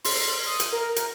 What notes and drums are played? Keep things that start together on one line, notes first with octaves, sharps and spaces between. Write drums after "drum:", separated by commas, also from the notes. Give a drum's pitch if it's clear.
C6, drum: open hi-hat
D#6
drum: hi-hat
A#4
drum: hi-hat